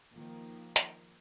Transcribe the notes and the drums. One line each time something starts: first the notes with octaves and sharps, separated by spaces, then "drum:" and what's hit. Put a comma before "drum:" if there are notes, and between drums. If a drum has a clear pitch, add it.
D#3 F3 A#3
drum: hi-hat